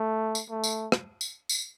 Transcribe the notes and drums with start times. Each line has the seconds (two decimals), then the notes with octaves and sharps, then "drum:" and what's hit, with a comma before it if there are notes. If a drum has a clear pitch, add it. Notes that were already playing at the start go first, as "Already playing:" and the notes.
Already playing: A3
0.35 drum: tambourine
0.50 A3
0.64 drum: tambourine
0.92 drum: rim click
1.21 drum: tambourine
1.49 drum: tambourine